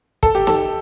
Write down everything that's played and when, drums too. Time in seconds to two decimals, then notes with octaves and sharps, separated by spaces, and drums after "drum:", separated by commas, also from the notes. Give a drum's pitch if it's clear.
0.23 A4, drum: kick
0.35 G4
0.47 A4, drum: snare